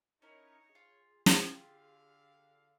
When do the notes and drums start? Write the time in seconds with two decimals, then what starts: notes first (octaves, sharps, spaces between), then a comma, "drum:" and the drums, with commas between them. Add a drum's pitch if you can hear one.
0.22 C#4 D#4 E4 A#4 C#5 D#5
0.75 F4 G#4
1.26 drum: snare
1.42 D3 F4 G4 F5